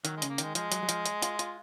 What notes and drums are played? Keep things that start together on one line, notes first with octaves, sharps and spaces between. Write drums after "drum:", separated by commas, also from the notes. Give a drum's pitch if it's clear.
D#3 F#3, drum: hi-hat
G#3
C#3, drum: hi-hat
A#3
D#3 G#3, drum: hi-hat
F3 G#3, drum: hi-hat
F#3, drum: hi-hat
F#3
F3, drum: hi-hat
drum: hi-hat
F4, drum: hi-hat
F4, drum: hi-hat